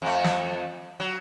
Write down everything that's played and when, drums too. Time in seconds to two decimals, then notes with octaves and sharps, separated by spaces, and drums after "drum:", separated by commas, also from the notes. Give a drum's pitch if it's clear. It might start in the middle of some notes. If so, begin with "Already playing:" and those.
0.02 F2 A3
0.24 drum: snare
1.00 F#3